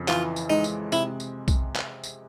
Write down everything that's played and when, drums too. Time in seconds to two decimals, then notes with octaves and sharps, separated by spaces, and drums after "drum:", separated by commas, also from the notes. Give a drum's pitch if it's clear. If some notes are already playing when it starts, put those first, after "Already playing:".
Already playing: F2 C#3
0.08 E3 F4, drum: clap
0.36 drum: tambourine
0.50 G#3 D#4
0.64 drum: tambourine
0.92 C3 E4, drum: tambourine
1.20 drum: tambourine
1.48 drum: kick B1, tambourine
1.76 drum: clap
2.03 drum: tambourine